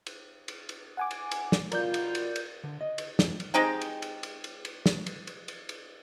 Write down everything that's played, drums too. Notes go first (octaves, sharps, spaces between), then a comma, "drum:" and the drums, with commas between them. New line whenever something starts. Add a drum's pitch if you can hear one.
drum: cymbal
drum: cymbal
drum: cymbal
F#5 G#5 D6
drum: cymbal
drum: cymbal
drum: snare
B2 F4 A#4 D5 G6, drum: cymbal
drum: cymbal
drum: cymbal
drum: cymbal
D3
D#5
drum: cymbal
F2, drum: snare
drum: cymbal
G#3 C4 D#4 G4
drum: cymbal
drum: cymbal
drum: cymbal
drum: cymbal
drum: cymbal
drum: snare
drum: cymbal
drum: cymbal
drum: cymbal
drum: cymbal